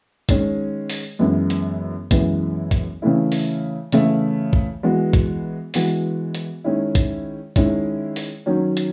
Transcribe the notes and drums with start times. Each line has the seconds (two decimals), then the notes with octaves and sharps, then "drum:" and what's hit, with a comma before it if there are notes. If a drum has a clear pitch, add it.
0.29 D#3 G#3 C#4, drum: kick, hi-hat
0.90 drum: open hi-hat
1.19 F#2 E3 G#3 B3 E4
1.50 drum: hi-hat
2.11 F#2 E3 G#3 B3 E4, drum: kick, hi-hat
2.71 drum: kick, hi-hat
3.02 C#3 E3 A3 E4
3.32 drum: open hi-hat
3.92 C#3 E3 A3 E4, drum: hi-hat
4.53 drum: kick
4.83 E3 G#3 B3 F#4
5.13 drum: kick, hi-hat
5.74 E3 G#3 B3 F#4, drum: open hi-hat
6.35 drum: hi-hat
6.64 D#3 G#3 C#4 E4
6.95 drum: kick, hi-hat
7.56 D#3 G#3 C#4 E4, drum: kick, hi-hat
8.16 drum: open hi-hat
8.46 D#3 F#3 C#4
8.77 drum: hi-hat